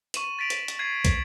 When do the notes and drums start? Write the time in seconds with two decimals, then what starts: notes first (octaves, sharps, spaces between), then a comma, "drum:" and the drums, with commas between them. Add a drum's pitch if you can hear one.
0.14 C#6 D#7 E7 F#7, drum: hi-hat
0.39 A6 B6 D7 F7 F#7
0.50 drum: hi-hat
0.68 drum: hi-hat
0.79 G#6 A6 C7 D#7
1.05 drum: kick, hi-hat